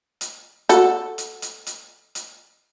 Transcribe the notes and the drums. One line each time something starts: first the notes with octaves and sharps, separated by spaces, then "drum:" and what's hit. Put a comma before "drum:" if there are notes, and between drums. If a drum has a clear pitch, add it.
drum: hi-hat
F#4 A4, drum: hi-hat
drum: hi-hat
drum: hi-hat
drum: hi-hat
drum: hi-hat